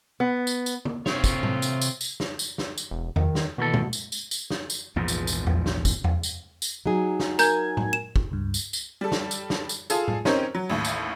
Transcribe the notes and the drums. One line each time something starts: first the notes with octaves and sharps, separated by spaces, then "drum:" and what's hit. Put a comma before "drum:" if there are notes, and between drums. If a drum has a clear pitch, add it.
B3
drum: tambourine
drum: tambourine
drum: tom
C3 A3 C4 F4 C#5, drum: snare
drum: kick, tambourine
drum: tom A2
drum: tambourine
drum: tambourine
drum: tambourine
drum: snare
drum: tambourine
drum: snare
drum: tambourine
E1
D#3, drum: tom E2
drum: snare
D#2 B2 E3 A4
drum: tom A#2
drum: tambourine
drum: tambourine
drum: tambourine
drum: snare
drum: tambourine
A#1 E2 G#2 F3
drum: tambourine
drum: tambourine
drum: tom E2
drum: snare
drum: kick, tambourine
drum: tom E2
drum: tambourine
drum: tambourine
F#3 D#4 G#4
drum: snare
A#4 G#5 A#5 G6 G#6, drum: tambourine
drum: tom A2
E7
drum: kick
C#2 G2
drum: tambourine
drum: tambourine
G3 A4
drum: snare
drum: tambourine
drum: snare
drum: tambourine
F4 G#4 A4, drum: tambourine
drum: tom A2
C4 C#4 D#4 G4 A#4 C#5, drum: snare
F#3
A1 D#2 A2
drum: tambourine